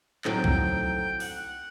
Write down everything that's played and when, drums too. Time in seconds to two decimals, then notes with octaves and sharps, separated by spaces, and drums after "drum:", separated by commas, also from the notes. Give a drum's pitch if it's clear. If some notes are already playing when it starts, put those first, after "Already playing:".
0.25 A2 F#3 A3 C4 D#4 G5, drum: clap
0.44 drum: kick B1
1.20 F#5, drum: open hi-hat